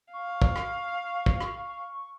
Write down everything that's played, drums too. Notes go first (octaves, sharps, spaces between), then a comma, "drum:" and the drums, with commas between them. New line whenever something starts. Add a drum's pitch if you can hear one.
F5 C#6
drum: kick
drum: rim click
drum: kick
drum: rim click